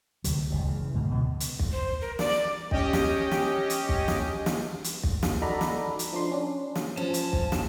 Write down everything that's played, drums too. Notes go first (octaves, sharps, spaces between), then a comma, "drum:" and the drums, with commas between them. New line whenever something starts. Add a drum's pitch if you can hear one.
D2 C3 F#3, drum: hi-hat
C3
F#1 C#2 B2
C#3 E3
D2 G#2 B2
B2 D3 F3
drum: hi-hat
drum: kick
C5
A#4
D5, drum: snare
C#4 G4 D#5 G5, drum: kick
drum: snare
drum: snare
drum: hi-hat
drum: kick
drum: snare
drum: snare
drum: hi-hat
drum: kick
drum: snare
D#4 F#4 A4 D5 A#5 B5
drum: snare
drum: hi-hat
F3 D4 C6
C#4 D4
drum: snare
F3 C#4 C5 A5
drum: hi-hat
drum: kick
drum: snare